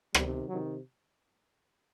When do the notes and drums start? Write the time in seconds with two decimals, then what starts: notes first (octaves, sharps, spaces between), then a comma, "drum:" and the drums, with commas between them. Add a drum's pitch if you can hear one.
0.14 C3 D#3 G3, drum: rim click
0.49 C3 D#3 F#3